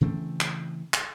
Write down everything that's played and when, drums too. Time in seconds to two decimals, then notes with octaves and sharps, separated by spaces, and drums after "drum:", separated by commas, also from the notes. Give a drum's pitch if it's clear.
0.01 C#3 E3 A3 C4
0.41 drum: clap
0.94 drum: clap